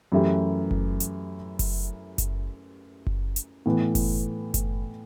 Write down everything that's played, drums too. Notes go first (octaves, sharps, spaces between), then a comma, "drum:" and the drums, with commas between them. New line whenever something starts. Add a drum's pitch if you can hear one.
F#2 E3 A3 E4 G4
drum: kick F#1
drum: hi-hat
drum: kick F#1, open hi-hat
drum: kick F#1, hi-hat
drum: kick F#1
drum: hi-hat
A2 E3 B3
drum: kick F#1, open hi-hat
drum: kick F#1, hi-hat